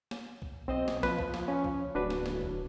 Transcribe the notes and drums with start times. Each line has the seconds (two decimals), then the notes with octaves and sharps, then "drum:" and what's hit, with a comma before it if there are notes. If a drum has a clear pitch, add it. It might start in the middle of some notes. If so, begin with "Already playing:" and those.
0.11 drum: snare
0.42 drum: kick C2
0.68 B1 C4 C5 D#5
0.88 drum: snare
1.03 F3 B4, drum: snare
1.18 drum: kick C2
1.34 drum: snare
1.48 C#4
1.64 drum: kick C2
1.95 D1 D4 F#4 B4
2.10 drum: snare
2.26 drum: snare
2.41 drum: kick C2